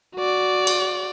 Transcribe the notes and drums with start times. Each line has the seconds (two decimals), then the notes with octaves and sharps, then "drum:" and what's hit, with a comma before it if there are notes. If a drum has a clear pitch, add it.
0.15 F#4 D5
0.67 drum: cymbal